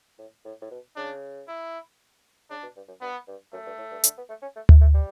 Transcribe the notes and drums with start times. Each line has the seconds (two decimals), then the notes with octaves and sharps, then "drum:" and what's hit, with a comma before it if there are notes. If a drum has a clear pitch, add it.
0.19 A2
0.45 A2
0.62 A2
0.71 B2
0.96 C#3 D4
1.48 E4
2.50 C#3 D4
2.63 B2
2.76 G2
2.88 F#2
3.01 G2 B3
3.28 G2
3.53 F#2 A3
3.66 G2
3.78 A2
3.91 G2
4.04 D3, drum: hi-hat
4.18 B3
4.29 A3
4.42 C#4
4.56 A3
4.69 A3, drum: tom D2
4.81 A3
4.94 G3